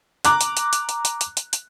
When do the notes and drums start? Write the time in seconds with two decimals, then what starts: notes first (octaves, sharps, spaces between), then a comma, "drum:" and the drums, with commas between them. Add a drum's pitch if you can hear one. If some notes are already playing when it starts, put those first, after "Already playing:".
0.25 A#5 D6 F#6, drum: hi-hat
0.41 drum: hi-hat
0.57 drum: hi-hat
0.73 drum: hi-hat
0.89 drum: hi-hat
1.05 drum: hi-hat
1.21 drum: hi-hat
1.37 drum: hi-hat
1.53 drum: hi-hat